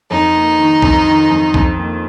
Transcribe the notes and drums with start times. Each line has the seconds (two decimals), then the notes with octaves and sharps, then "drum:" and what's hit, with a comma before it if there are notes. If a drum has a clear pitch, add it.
0.11 F2 D#4
0.35 A#3
0.59 D#3
0.82 F2, drum: kick B1
1.06 D#3
1.30 F2
1.54 F2, drum: kick B1
1.78 A#3